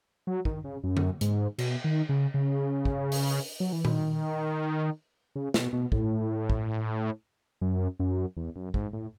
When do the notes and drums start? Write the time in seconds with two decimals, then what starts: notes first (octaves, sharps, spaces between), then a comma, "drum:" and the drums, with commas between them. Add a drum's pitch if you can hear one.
0.27 F#3
0.45 D#3, drum: kick
0.64 C#3
0.83 F#2
0.97 drum: tom D3
1.21 G#2, drum: hi-hat
1.58 B2, drum: cymbal
1.84 D#3
2.09 C#3
2.34 C#3
2.85 drum: kick
3.12 drum: open hi-hat
3.60 F#3
3.73 E3
3.85 D#3, drum: tom A#2
5.36 C#3
5.54 B2, drum: snare
5.73 B2
5.92 A2, drum: kick
6.50 drum: kick
7.61 F#2
7.99 F#2
8.37 E2
8.56 F#2
8.74 G#2, drum: kick
8.93 A2